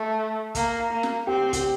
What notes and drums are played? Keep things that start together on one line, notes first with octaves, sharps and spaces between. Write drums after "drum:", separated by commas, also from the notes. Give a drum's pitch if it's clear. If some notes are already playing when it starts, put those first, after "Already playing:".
Already playing: A3
A#3, drum: kick, hi-hat
A#3
drum: snare
C4 G4
G4, drum: kick, hi-hat